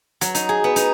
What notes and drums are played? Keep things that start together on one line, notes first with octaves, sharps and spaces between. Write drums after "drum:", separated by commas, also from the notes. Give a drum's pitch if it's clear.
F#3, drum: hi-hat
D#4, drum: hi-hat
G#4
B3
D#4, drum: hi-hat